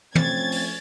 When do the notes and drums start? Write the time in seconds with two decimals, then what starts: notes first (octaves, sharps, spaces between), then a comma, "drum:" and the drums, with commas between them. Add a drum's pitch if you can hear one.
0.15 F3 A3 C4 C#4 G#6 A6, drum: tom
0.52 drum: open hi-hat